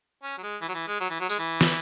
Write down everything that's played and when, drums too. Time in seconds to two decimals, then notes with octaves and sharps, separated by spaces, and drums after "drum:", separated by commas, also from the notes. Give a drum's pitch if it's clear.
0.23 C#4
0.38 F#3
0.43 G#3
0.61 E3
0.68 F#3
0.74 E3
0.87 G#3
1.00 F#3
1.10 E3
1.20 F#3
1.30 G#3, drum: tambourine
1.39 E3
1.61 drum: snare